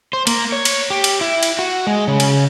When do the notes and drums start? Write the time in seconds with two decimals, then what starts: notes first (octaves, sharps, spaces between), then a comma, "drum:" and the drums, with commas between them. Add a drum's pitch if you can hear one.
0.13 C5
0.27 A#3, drum: cymbal
0.52 C#5
0.65 drum: cymbal
0.90 G4
1.04 drum: cymbal
1.21 E4
1.43 drum: cymbal
1.59 F#4
1.87 G#3
2.07 C#3
2.20 drum: cymbal